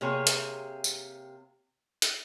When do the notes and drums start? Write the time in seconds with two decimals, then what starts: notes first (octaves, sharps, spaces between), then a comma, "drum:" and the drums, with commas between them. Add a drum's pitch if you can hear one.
0.01 C3 A#3 G#4 C#5
0.27 drum: hi-hat
0.84 drum: tambourine
2.02 drum: hi-hat